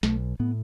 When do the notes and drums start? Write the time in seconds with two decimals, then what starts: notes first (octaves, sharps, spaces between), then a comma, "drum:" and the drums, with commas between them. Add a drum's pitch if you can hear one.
0.03 B1 A3, drum: snare
0.39 A2 B3